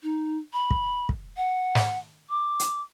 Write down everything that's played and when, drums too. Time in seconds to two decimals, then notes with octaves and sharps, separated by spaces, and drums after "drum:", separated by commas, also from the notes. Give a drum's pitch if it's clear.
0.03 D#4
0.53 B5
0.71 drum: kick
1.09 drum: kick
1.37 F#5
1.75 drum: snare
2.30 D6
2.59 drum: hi-hat